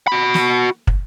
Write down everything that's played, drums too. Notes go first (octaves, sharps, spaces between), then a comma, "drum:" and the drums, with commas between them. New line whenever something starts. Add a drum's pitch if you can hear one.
F#4 B5
drum: snare
drum: kick